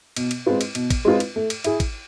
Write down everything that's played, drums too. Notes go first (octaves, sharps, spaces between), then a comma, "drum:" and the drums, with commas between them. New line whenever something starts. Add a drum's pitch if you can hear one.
B2, drum: cymbal
drum: cymbal
G#3 C4 F4 B4
drum: cymbal
B2, drum: cymbal
drum: kick, cymbal
G#3 C4 F4 B4
drum: cymbal
A3
drum: cymbal
E4 G#4, drum: cymbal
drum: kick, cymbal